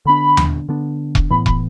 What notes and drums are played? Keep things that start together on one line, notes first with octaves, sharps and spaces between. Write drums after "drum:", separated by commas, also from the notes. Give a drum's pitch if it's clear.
D3 B3 D4 B5
drum: tom D#2
D3 B3 D4
drum: kick E1
A2 E3 B3 B5
B5, drum: kick E1